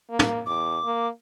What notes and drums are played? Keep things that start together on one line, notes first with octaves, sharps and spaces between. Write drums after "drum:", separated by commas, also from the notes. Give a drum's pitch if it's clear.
A#3
drum: tom
E2 D6
A#3